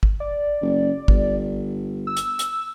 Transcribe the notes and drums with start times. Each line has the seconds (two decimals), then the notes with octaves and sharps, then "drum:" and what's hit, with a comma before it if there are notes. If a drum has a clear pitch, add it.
0.03 drum: kick
0.20 D5
0.62 F#1
1.08 G1, drum: kick
2.07 E6
2.17 drum: hi-hat
2.39 drum: hi-hat